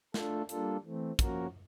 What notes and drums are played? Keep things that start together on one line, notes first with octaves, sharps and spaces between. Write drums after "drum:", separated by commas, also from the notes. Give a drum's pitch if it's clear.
A3 D4 F4 A4, drum: snare
G3 A#3 D4 F4 A4, drum: hi-hat
E3 A3 C4
F3 A#3 C#4 F#4 A#4, drum: kick, hi-hat